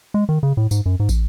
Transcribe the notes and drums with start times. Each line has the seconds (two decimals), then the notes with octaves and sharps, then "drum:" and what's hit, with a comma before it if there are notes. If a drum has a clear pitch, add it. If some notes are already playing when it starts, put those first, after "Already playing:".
0.14 G#3
0.29 D#3
0.43 C#3
0.57 A2
0.71 G#2, drum: tambourine
0.86 F#2
1.00 G#2
1.09 drum: kick, tambourine